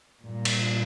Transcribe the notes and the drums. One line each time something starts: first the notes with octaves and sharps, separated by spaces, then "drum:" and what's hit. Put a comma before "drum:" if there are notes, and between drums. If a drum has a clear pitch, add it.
G2 A#2
drum: cymbal